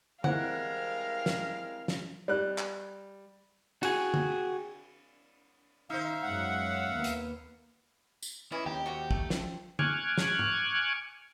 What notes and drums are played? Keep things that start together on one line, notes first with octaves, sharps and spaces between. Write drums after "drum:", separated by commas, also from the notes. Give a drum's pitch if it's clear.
E3 G3 G#3 C4 A#4 F5 F#5, drum: tom D3
drum: snare
drum: snare
G3 F#6
drum: clap
F#4 G#4, drum: cymbal
drum: tom D3
D#3 D#4 C5 E5 F5
F#2 G#3 C#4 F#5
D#2 A#3 B3
drum: hi-hat
drum: tambourine
E3 C#4 E4 D#5
D#2 D#4 G4 G5
C3 C4 F#4
A3, drum: kick
F3, drum: snare
G#5 C#6 D6 F6 F#6 G#6, drum: tom D3
drum: snare
drum: tom G#2